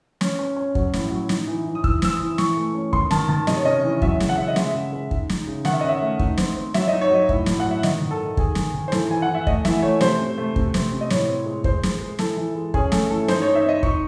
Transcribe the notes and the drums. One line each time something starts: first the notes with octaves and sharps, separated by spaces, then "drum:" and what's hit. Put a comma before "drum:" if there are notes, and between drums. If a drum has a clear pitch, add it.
C#4, drum: snare
C#4
C#4
F#3, drum: kick
A2, drum: snare
F#3
D#4, drum: snare
E3
E3
D#6
E3 E6, drum: kick
C4 E6, drum: snare
D#6
E3
E3 C#6, drum: snare
A3
C#4
D#3 C6, drum: kick
D#3 A5, drum: snare
D#3 A5
C3 D#5, drum: snare
C#5
C#4 D#5
E3
F#3 E5, drum: kick
C#3, drum: snare
F#5
C#3 E5
D#5
G#3 E5, drum: snare
C#3
G#3
D#4, drum: kick
D#4, drum: snare
C#3
D#3 F#5, drum: snare
E5
D#5
C#4 E5
A3
D#4, drum: kick
C4, drum: snare
C4
F#3 E5, drum: snare
D#4 D#5
C#5
F#3 D#5
A2, drum: kick
A2, drum: snare
F#5
F#3
E5
D#3 D#5, drum: snare
D#3
A4
D#4
D#3 G#4, drum: kick
D#3, drum: snare
D#3
C5
E3 A4, drum: snare
E3 G#5
F#5
E3
E5
A3 D#5, drum: kick
E3 E5, drum: snare
A3 C#5
C3 C5, drum: snare
C3
A3
C3, drum: kick
C4, drum: snare
C3
D#5
A2 C#5, drum: snare
C4
G#3
G#3 C5, drum: kick
G#3, drum: snare
G#3
E3 A4, drum: snare
E3
G#3
C#4 G#4, drum: kick
A3 A4, drum: snare
E3 A4
D#4 C5, drum: snare
C#5
D#4
E5
C4 D#5
D#4 C#6, drum: kick